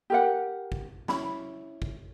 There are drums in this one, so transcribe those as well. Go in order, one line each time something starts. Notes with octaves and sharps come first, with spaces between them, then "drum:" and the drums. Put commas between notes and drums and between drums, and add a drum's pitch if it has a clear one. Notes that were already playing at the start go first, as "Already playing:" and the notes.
G4 A#4 F#5
drum: kick
C#4 E4 B5, drum: snare
drum: kick